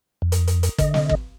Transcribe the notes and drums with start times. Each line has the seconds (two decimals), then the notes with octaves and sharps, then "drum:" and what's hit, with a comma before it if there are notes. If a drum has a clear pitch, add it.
0.22 F2
0.32 drum: hi-hat
0.47 drum: hi-hat
0.63 drum: hi-hat
0.78 D3 D#5, drum: kick, hi-hat
0.94 drum: snare
1.09 drum: kick